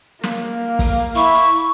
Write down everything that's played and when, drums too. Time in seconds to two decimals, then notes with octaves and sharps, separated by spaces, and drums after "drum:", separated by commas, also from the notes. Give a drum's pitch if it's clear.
0.23 A#3, drum: snare
0.79 drum: kick, open hi-hat
1.16 E4 C#6
1.35 drum: hi-hat